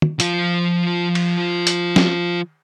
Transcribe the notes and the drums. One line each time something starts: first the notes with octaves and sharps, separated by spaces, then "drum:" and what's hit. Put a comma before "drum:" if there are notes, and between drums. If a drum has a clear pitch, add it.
drum: tom
F3 F4, drum: hi-hat
drum: cymbal
drum: hi-hat
drum: snare